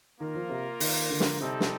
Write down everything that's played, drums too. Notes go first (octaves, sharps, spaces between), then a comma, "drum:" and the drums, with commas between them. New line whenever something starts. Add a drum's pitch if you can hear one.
D#3 A#3 F4 A#4
F3
C3
D#3, drum: open hi-hat
D3
drum: snare
C3 G3 C4 D#4 A4
drum: snare